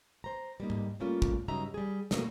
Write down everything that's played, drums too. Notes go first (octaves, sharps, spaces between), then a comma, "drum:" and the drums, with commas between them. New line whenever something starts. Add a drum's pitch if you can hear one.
C5 A#5
G3 A#3 D#4
drum: tom G#2
G3 A3 A#3 C#4 F4
drum: kick
G2 C#3 F#3 D#4 E5 A#5
G3 G#4
F#2 B2 D#3 A3 A#3, drum: snare